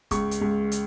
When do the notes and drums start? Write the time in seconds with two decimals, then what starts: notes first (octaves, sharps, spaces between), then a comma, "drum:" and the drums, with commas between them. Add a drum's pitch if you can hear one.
0.11 C#2 C#6, drum: kick, hi-hat
0.31 drum: hi-hat
0.41 C#2
0.72 drum: hi-hat